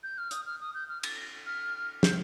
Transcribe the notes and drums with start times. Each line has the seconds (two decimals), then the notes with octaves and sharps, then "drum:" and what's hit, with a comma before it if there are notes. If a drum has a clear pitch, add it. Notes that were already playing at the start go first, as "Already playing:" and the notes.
0.03 G6
0.18 F6
0.31 D#6, drum: hi-hat
0.46 F6
0.61 D#6
0.74 G6
0.89 F6
1.03 A6, drum: cymbal
1.17 A#6
1.46 F6
2.03 G6, drum: snare